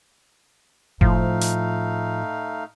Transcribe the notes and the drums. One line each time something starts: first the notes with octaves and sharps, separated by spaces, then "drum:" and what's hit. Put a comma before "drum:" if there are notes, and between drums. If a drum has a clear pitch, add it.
A2 F3 A3 D#4 F5, drum: kick F#1
drum: hi-hat